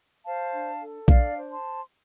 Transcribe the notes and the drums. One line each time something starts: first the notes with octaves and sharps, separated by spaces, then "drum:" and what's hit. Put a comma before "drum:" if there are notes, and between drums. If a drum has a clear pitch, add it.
C5 F5 A5
D4
A4
D4 D5 F5, drum: kick A#1
C5
A5 C6